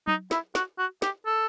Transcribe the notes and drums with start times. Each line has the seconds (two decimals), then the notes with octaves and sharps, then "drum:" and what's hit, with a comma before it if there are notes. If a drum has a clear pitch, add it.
0.07 D#4, drum: tom F#3
0.31 E4, drum: snare
0.55 F#4, drum: snare
0.79 F#4
1.02 G4, drum: snare
1.26 A4